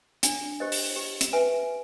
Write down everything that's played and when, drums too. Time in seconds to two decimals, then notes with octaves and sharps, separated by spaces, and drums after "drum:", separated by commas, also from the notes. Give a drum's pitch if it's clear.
0.23 D4, drum: hi-hat
0.60 G4 C5 D#5
0.72 drum: open hi-hat
0.96 G4
1.21 drum: hi-hat
1.33 B4 E5 G#5